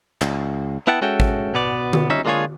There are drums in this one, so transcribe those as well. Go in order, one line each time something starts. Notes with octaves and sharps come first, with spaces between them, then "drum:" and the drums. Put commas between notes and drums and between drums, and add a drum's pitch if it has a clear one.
C#2, drum: clap
B3 E4 F#5 G5 A5
G#3 C#4 F#4 A4 E5 G5
drum: kick
B2 B3 D5
drum: tom D3
G3 C#4 D#4 E5
G#3 A#3 D4 F4 G#4 C#5